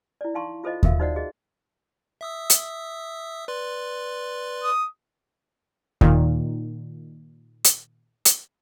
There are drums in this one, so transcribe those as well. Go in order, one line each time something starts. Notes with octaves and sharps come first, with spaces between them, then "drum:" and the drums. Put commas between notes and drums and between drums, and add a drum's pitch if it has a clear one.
E4 D5
D#4 F5 A5 C6 C#6
F4 A4 C5 D#5 F5
F#4 A4 A#4 E5 F5, drum: kick D#2
D#4 F#4 C5 D5 D#5 F#5
F#4 G#4 D#5
E5 D#6 E6
drum: hi-hat
B4 D5 C6
D#6
A#2 D#3, drum: kick D#2
drum: hi-hat
drum: hi-hat